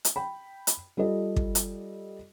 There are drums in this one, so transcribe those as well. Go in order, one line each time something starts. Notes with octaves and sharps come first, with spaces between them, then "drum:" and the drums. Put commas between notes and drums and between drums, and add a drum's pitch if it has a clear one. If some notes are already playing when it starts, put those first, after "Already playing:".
drum: hi-hat
G5 B5
drum: hi-hat
G3 F4 A4 D#5
drum: kick
drum: hi-hat